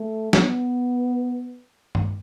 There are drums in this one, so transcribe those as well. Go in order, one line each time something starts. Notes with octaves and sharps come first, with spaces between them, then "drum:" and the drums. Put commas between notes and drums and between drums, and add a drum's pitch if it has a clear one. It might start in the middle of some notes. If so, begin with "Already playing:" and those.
Already playing: A3
B3, drum: snare
drum: tom G2